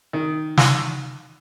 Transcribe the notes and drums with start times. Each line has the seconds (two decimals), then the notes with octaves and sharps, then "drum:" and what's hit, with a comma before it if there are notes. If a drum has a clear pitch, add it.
0.13 D#3
0.58 drum: snare